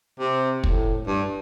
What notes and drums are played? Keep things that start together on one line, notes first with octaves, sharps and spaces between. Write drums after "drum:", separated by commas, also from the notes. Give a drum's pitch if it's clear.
C3
A2, drum: kick
G2